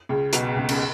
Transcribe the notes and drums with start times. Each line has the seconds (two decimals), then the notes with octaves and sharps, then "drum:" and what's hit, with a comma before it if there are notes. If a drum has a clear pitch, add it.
0.09 C#2 C#3
0.33 B1 B2, drum: hi-hat
0.56 C#2 C#3
0.69 C#3, drum: cymbal